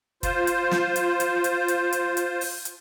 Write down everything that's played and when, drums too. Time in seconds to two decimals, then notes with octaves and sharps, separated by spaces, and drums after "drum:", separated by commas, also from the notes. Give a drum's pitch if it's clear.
0.23 F4 C5, drum: kick, hi-hat
0.47 drum: hi-hat
0.71 drum: snare
0.96 drum: hi-hat
1.20 drum: hi-hat
1.44 drum: hi-hat
1.68 drum: hi-hat
1.93 drum: hi-hat
2.17 drum: hi-hat
2.41 drum: open hi-hat
2.65 drum: hi-hat